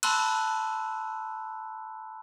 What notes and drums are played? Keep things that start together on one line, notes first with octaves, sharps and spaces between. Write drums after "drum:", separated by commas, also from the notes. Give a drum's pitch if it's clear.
A5 B5 C6 E6 F#6, drum: cymbal